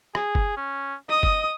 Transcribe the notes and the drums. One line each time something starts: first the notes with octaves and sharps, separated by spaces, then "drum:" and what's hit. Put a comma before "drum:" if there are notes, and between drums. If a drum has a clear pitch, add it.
G#4, drum: rim click
drum: kick F#1
C#4
D#5 D#6
drum: kick F#1